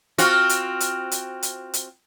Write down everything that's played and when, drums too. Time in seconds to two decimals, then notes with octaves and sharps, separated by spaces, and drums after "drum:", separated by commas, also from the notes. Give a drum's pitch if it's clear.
0.18 C4 F4 F#4, drum: hi-hat
0.49 drum: hi-hat
0.80 drum: hi-hat
1.11 drum: hi-hat
1.43 drum: hi-hat
1.74 drum: hi-hat